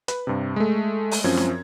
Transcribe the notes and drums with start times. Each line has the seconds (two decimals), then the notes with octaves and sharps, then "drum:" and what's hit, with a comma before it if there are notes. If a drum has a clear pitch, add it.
0.08 B4, drum: hi-hat
0.27 G2 C3
0.56 G#3 A3
1.12 drum: open hi-hat
1.24 F#2 F3 C4 C#4 G#6
1.37 drum: snare